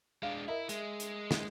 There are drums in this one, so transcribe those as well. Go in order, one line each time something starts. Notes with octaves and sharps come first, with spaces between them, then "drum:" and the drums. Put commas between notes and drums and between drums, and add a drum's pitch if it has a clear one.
G#3 D4 F5
E4 A#4 D#5 E5
G#3, drum: hi-hat
drum: hi-hat
drum: snare